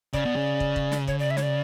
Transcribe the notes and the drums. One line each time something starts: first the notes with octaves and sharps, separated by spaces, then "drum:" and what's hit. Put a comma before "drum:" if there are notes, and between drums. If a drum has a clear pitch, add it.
C#3 D5, drum: kick
B2
C#3
drum: kick
drum: kick
drum: snare
C#5, drum: kick
D5
E5
C#5, drum: snare
D5